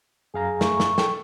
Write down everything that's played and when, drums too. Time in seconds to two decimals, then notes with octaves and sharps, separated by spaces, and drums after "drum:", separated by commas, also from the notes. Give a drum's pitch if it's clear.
0.34 F#2 G#4 F5 A#5
0.61 A3 C#6, drum: snare
0.80 drum: snare
0.98 A4 G5, drum: snare